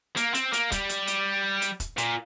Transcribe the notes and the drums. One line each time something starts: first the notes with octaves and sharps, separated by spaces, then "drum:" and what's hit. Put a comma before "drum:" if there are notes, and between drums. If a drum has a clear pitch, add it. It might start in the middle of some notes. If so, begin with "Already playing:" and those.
A#3, drum: hi-hat
C4, drum: hi-hat
A#3, drum: hi-hat
G3, drum: kick E1, hi-hat
drum: hi-hat
drum: hi-hat
drum: hi-hat
drum: kick E1, hi-hat
A#2, drum: hi-hat